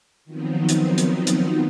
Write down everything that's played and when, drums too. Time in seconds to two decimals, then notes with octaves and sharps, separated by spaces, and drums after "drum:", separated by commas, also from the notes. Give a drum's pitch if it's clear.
0.25 D#3 F3 F#3 B3 C4 D#4
0.69 drum: hi-hat
0.98 drum: hi-hat
1.27 drum: hi-hat